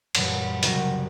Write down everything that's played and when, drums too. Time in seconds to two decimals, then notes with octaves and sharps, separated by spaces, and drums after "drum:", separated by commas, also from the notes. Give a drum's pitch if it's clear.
0.15 F#2 A#2 E3 G3, drum: cymbal
0.63 F#1 C2 F#4 A#4 G5 A#6, drum: hi-hat